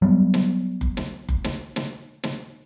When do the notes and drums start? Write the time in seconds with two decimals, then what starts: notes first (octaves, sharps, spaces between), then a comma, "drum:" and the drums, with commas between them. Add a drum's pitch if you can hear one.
0.02 F#3 G3 B3
0.34 drum: snare
0.81 drum: kick F#1
0.97 drum: snare
1.29 drum: kick F#1
1.44 drum: snare
1.76 drum: snare
2.23 drum: snare